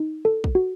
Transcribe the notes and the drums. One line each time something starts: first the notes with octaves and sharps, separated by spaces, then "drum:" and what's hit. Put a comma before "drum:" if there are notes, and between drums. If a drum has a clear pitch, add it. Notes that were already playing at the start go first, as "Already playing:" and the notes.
Already playing: D#4
A4
drum: kick
F#4